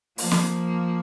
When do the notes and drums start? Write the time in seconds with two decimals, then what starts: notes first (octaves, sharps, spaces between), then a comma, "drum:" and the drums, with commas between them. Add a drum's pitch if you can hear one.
0.18 F3 A#3, drum: open hi-hat
0.31 drum: snare